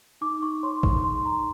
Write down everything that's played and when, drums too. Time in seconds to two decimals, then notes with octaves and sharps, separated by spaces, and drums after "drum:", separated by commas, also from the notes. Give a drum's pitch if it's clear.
0.21 D#4 D6
0.42 D#4 C#6
0.63 C#5 C6
0.83 G#4 C#6, drum: kick
1.04 D#4 C6
1.25 D#4 A#5